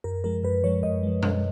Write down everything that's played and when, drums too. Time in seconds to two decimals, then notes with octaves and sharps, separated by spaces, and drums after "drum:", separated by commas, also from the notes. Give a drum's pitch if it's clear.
0.04 F#2 A#4
0.24 F3 G#3 A#4
0.44 F#2 B4
0.64 F3 G#3 C#5
0.83 F#2 D#5
1.03 F3 G#3
1.22 F#2, drum: tom